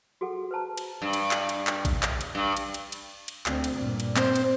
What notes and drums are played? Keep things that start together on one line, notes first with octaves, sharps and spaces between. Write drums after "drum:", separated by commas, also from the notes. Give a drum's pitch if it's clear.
F#4 G#4 A4 F#5
B4 C5 A5 A#5
drum: cymbal
G2
drum: cymbal
drum: clap
drum: cymbal
drum: clap
drum: kick A1, cymbal
drum: clap
drum: cymbal
G2
drum: cymbal
drum: cymbal
drum: cymbal
drum: cymbal
D2 C4, drum: clap
drum: cymbal
G2 A#2
drum: cymbal
C4 C5, drum: clap
drum: cymbal